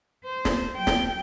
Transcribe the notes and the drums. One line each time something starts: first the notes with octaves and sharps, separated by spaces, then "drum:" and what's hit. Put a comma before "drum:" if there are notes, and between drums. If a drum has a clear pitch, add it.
C5
drum: snare
F#3 G5
drum: snare